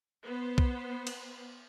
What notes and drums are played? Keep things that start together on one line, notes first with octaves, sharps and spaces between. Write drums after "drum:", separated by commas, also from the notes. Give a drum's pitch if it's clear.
B3 C5
drum: kick B1
drum: cymbal